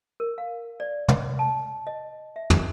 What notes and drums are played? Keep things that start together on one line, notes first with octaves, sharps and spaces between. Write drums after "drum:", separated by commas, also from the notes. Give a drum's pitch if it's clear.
A#4
F5
D5
drum: tom
A5
D#5
E5
drum: tom